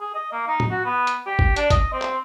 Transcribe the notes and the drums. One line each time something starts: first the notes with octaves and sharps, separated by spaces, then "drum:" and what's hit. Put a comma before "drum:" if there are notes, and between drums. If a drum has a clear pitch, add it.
G#4
D#5
A#3
D#4
drum: tom
F#4
B3
drum: hi-hat
G4
drum: kick G#1
D4, drum: hi-hat
D#5, drum: kick G#1, hi-hat
C4
drum: clap